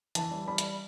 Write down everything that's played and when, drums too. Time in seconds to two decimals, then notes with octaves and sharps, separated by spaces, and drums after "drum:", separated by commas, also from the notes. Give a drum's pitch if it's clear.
0.15 E3 A5, drum: hi-hat
0.31 G3
0.48 G3 B5
0.58 drum: hi-hat